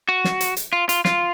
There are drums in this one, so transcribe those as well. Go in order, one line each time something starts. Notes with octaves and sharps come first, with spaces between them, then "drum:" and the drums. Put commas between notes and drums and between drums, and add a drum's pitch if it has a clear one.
F#4
drum: snare
drum: hi-hat
drum: hi-hat
F4
F4, drum: hi-hat
F4, drum: snare